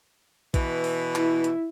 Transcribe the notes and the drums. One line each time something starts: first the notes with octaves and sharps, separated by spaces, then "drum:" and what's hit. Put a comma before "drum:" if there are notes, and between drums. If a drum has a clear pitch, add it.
B2 E3, drum: kick A#1, hi-hat
drum: open hi-hat
E4, drum: clap
drum: hi-hat